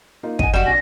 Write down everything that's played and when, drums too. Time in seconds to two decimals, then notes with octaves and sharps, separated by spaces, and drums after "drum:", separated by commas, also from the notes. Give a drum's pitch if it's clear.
0.23 A#3 D#4 F4
0.39 D#5 F#5 G#5 D#7, drum: kick
0.54 F1 F#2 G3 F#4 E7
0.66 A#1 D4 G#5 A#6